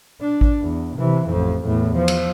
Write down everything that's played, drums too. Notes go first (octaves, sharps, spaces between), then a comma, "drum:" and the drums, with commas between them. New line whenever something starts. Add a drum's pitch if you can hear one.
D4
drum: kick A1
E2
C3 E3
A1 F2
E2 A2
F3
drum: cymbal